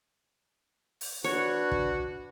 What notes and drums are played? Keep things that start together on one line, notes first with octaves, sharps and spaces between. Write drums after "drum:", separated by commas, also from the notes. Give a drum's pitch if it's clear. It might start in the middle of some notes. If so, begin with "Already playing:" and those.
drum: open hi-hat
D4 F#4 B4 C#5
drum: kick